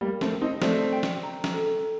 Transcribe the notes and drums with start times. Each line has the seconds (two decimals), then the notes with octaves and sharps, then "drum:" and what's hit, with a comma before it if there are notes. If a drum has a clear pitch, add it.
0.01 G3 A#3 A#4
0.21 A3 C4, drum: snare
0.32 A#4
0.42 C4 D#4
0.62 A3 C4 D5, drum: snare
0.93 G5
1.03 drum: snare
1.23 A#5
1.44 drum: snare
1.54 A4